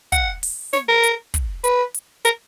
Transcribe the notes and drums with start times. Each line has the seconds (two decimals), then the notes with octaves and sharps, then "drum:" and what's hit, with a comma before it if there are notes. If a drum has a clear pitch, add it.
0.12 F#5, drum: kick, hi-hat
0.43 drum: open hi-hat
0.73 C#5, drum: snare
0.88 A#4
1.03 drum: hi-hat
1.34 drum: kick, hi-hat
1.64 B4, drum: hi-hat
1.94 drum: hi-hat
2.25 A#4, drum: hi-hat